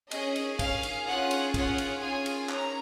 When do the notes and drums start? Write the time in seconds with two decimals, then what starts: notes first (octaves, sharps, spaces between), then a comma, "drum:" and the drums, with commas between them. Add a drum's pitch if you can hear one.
0.11 C#4 G#4 D#5, drum: cymbal
0.36 drum: cymbal
0.59 C#4 G#4 F5, drum: kick, cymbal
0.83 drum: cymbal
1.06 C#4 F4 G#4 F#5
1.31 drum: cymbal
1.54 C#4 F4 G#4 F#5, drum: kick, cymbal
1.78 drum: cymbal
2.02 C#4 F4 G#4 G#5
2.26 drum: cymbal
2.50 C#4 A#5, drum: clap